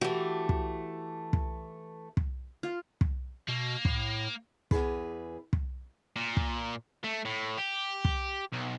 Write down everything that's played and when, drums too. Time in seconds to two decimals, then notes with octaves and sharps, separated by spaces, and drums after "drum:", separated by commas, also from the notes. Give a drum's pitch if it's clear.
0.01 E3 A3 F#4 G4
0.49 drum: kick
1.33 drum: kick
2.17 drum: kick
2.63 F4
3.01 drum: kick
3.48 B2 A#3
3.85 A2, drum: kick
4.71 E2 C#3 G#4 B4, drum: kick
5.53 drum: kick
6.16 A#2
6.37 drum: kick
7.04 A3
7.25 A2
7.58 G4
8.05 drum: kick
8.52 B1